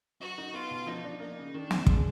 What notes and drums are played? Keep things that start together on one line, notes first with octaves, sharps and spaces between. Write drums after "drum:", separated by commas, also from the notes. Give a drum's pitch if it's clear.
F#3 F#4
D#4
B3 F4
B2
F3 D#4
D4
A#3 D#4
C#3
D#3 D4
F#2, drum: snare
G#3, drum: kick